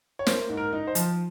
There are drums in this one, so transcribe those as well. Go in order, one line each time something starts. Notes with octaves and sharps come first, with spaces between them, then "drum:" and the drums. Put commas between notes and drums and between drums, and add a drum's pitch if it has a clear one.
C#5
A#3 C5, drum: snare
G#2
A#4
D#4
C5
F3, drum: hi-hat